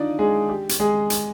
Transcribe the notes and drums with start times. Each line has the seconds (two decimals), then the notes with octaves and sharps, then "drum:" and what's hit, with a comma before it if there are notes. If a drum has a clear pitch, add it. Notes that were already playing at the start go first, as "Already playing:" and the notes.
Already playing: D4 D#4 F4 D5 D#5
0.19 G#3 G#4
0.49 G4
0.69 drum: hi-hat
0.80 G#3 G#4
1.10 drum: hi-hat